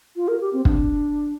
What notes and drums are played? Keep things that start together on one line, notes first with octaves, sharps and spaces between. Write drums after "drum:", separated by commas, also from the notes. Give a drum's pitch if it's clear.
F4
A#4
G4
C4
D4, drum: kick